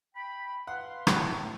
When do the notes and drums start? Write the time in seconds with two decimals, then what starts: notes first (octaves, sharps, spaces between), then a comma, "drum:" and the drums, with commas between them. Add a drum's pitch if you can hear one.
0.15 G5 B5
0.67 B4 F5 F#5 C6
1.07 A2 F#5, drum: rim click